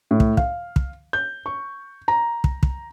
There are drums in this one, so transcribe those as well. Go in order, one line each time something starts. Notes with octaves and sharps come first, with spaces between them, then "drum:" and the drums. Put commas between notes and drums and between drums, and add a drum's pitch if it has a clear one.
A2
drum: kick
F5, drum: kick
drum: kick
G6
C#6
A#5
drum: kick
drum: kick